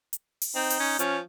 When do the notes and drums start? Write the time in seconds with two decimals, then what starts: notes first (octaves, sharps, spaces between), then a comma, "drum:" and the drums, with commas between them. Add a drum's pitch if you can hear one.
0.13 drum: hi-hat
0.42 drum: open hi-hat
0.55 C4 D#4
0.70 drum: open hi-hat
0.80 C#4
0.99 F3 C#4, drum: hi-hat